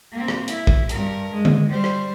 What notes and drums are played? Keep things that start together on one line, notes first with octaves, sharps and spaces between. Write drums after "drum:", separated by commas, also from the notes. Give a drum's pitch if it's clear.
A#3 C4
drum: rim click
E4, drum: hi-hat
drum: kick
G2 A#4, drum: hi-hat
G#3
drum: tom D3
G3 C5
drum: rim click